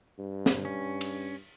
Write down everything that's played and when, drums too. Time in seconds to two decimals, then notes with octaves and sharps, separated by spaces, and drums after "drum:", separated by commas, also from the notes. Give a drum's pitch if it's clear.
0.19 G2
0.46 drum: snare
0.65 C#4
1.01 drum: cymbal